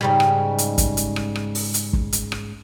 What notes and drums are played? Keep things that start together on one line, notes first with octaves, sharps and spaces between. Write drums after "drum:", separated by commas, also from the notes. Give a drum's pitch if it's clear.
G#2 C#3 G3
drum: rim click
drum: hi-hat
drum: kick, hi-hat
drum: hi-hat
drum: rim click
drum: rim click
drum: open hi-hat
drum: hi-hat
drum: kick
drum: hi-hat
drum: rim click